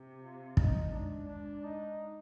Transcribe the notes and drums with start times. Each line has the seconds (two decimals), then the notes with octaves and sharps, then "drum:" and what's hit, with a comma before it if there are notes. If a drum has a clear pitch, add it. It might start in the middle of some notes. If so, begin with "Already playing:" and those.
Already playing: C3
0.21 F4
0.57 G#2 D#4, drum: kick
0.92 G#2 D4
1.28 D4
1.64 D#4